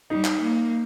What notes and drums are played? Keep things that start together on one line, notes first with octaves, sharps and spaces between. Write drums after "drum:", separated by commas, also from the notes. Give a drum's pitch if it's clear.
G3 D#4
drum: clap
A#3